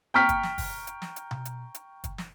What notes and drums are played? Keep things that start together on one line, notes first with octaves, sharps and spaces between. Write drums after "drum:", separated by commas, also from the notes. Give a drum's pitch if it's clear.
G5 A#5 C#6 F6 B6
drum: kick, hi-hat
drum: snare
drum: kick, open hi-hat
drum: hi-hat
drum: snare
drum: hi-hat
drum: tom B2
drum: hi-hat
drum: hi-hat
drum: kick, hi-hat
drum: snare